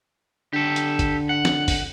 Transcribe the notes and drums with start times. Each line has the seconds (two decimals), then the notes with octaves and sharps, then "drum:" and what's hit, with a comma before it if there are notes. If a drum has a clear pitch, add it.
0.53 D3 G4 A4
0.76 drum: hi-hat
0.99 drum: kick, hi-hat
1.29 F#5
1.45 drum: snare
1.68 drum: kick, open hi-hat